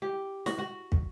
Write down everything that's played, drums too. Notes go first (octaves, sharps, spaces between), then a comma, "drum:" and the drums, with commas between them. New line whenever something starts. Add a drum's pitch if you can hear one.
G4
F#4, drum: snare
F#4
drum: kick